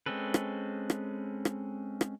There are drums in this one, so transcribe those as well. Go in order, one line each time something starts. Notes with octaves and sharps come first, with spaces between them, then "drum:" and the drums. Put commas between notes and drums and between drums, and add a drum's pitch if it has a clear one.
G#3 C4 C#4 A4 B4
drum: rim click
drum: rim click
drum: rim click
drum: rim click